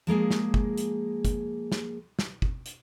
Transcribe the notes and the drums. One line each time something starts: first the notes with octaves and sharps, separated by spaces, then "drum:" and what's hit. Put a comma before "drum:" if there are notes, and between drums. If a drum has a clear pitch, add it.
F3 G#3 A#3 G#4
drum: snare
drum: kick
drum: hi-hat
drum: kick, hi-hat
drum: snare
drum: snare
drum: kick
drum: hi-hat